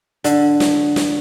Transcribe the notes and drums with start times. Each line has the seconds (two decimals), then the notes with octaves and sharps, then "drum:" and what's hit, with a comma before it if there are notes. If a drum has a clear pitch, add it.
0.24 D3, drum: hi-hat
0.60 drum: snare
0.96 drum: snare